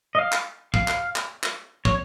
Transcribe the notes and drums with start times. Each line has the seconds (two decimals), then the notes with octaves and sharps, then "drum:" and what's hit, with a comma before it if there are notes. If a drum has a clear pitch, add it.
0.15 D#5
0.19 F5
0.32 drum: clap
0.74 F5, drum: kick
0.88 drum: clap
1.16 drum: clap
1.44 drum: clap
1.85 C#5, drum: kick